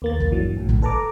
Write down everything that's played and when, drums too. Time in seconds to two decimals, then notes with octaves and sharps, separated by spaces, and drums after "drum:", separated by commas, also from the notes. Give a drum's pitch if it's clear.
0.02 D#2 A#3 A6
0.20 drum: kick
0.31 G2 E3 F#3
0.57 A#1 A2
0.69 drum: kick
0.82 A4 B4 A5 A#5 D6